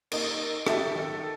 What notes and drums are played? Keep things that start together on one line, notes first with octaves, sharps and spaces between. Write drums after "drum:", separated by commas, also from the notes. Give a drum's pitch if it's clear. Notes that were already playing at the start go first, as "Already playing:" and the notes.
A#3 D#4, drum: cymbal
D#4 F#4 G4 A4 E5, drum: rim click
D#3 A4